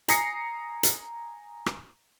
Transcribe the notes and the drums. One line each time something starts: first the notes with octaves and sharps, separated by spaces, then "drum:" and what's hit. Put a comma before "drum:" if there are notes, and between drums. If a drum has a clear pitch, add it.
G#5 A#5 D#6 A#6 C7 C#7, drum: hi-hat
drum: hi-hat
drum: rim click